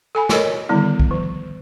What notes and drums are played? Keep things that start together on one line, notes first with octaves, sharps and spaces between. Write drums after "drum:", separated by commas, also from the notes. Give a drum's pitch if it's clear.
A4 G#5 B5
F#4 A4 A#4 C#5 D#5, drum: snare
D3 D#3 G3 B3 E4
drum: kick
F3